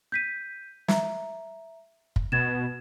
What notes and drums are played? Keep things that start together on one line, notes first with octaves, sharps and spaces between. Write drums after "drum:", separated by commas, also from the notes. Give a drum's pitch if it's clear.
G6 B6 D#7
E5 A#5, drum: snare
drum: kick F#1
B2 G#6 A6 E7